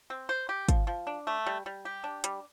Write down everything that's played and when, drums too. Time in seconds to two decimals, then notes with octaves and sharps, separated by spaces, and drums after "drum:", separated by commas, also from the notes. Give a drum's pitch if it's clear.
0.10 C4
0.29 C5
0.49 G4
0.69 F3, drum: kick, hi-hat
0.87 F3
1.07 D4
1.27 A3
1.46 G3
1.66 G3
1.85 G4
2.04 D4
2.24 G3, drum: hi-hat